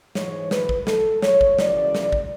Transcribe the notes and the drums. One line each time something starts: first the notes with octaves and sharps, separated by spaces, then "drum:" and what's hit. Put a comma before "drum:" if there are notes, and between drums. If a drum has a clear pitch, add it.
G#2 E3 C#5, drum: snare
B4, drum: snare
drum: kick A1
A4, drum: snare
C#5, drum: snare
drum: kick A1
F#2 C#3 E3 D5, drum: snare
drum: snare
drum: kick A1